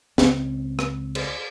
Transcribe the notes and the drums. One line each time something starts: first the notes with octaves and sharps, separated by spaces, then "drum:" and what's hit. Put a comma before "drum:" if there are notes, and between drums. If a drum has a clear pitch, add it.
C#2 C4, drum: snare
drum: rim click
drum: cymbal